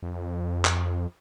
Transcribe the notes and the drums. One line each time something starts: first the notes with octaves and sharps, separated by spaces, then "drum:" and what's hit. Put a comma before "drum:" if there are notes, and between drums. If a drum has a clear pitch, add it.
F2
drum: clap